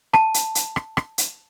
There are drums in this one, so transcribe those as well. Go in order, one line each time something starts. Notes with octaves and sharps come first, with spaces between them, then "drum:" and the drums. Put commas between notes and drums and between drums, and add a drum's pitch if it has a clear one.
A5, drum: rim click
drum: hi-hat
drum: hi-hat
drum: rim click
drum: rim click
drum: hi-hat